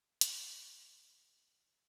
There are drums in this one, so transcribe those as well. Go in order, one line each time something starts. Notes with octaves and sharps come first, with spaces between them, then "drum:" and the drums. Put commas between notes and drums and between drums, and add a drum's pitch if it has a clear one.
B3, drum: hi-hat
C#4
C#4